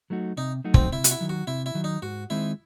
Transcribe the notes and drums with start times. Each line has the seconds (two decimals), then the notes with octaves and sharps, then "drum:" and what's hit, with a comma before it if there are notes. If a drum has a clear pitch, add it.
0.10 F#3 A3 D#4 F#4
0.37 C3 D#4
0.64 F#3 A3 D#4 F#4
0.74 C4, drum: kick
0.92 C3 E4
1.04 F#4, drum: hi-hat
1.11 E4
1.21 D#3 F#3
1.29 F#4
1.47 C3 E4
1.66 E4
1.75 D#3 F#3
1.84 D#4
2.02 G#2 F#4
2.30 D#3 G#3 C4 D#4 E4